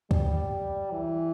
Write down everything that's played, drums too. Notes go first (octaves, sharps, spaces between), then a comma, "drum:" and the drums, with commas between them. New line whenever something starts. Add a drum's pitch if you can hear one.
G3, drum: kick C#2
E3